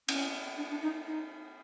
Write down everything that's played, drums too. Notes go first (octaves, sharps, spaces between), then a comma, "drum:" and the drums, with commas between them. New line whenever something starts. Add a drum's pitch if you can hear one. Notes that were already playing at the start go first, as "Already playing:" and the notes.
C#4, drum: cymbal
D4
D4
D#4
D#4